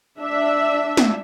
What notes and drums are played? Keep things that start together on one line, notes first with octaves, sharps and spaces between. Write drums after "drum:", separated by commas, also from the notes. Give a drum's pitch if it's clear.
D4 E5
drum: snare